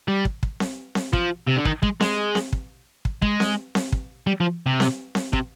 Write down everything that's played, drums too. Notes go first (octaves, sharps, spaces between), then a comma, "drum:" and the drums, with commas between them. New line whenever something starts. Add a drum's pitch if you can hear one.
G3
drum: kick
drum: kick
drum: snare C4
drum: snare C4
F3, drum: kick
C3
D3
D#3, drum: kick
G#3, drum: kick
G#3, drum: snare C4
drum: snare C4
drum: kick
drum: kick
G#3, drum: kick
drum: snare C4
drum: snare C4
drum: kick
G3
F3
C3
drum: snare C4
drum: snare C4
C3, drum: kick